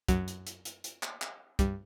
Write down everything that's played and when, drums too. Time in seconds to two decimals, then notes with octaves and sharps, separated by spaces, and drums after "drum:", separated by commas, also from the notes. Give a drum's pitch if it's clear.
0.08 F#2 F#3, drum: kick, hi-hat
0.28 drum: hi-hat
0.47 drum: hi-hat
0.65 drum: hi-hat
0.84 drum: hi-hat
1.03 drum: clap
1.22 drum: clap
1.59 G2 G3, drum: kick, hi-hat